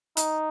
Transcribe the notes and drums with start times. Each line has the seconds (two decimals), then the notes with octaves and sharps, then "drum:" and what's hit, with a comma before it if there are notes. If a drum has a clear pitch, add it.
0.17 D#4, drum: hi-hat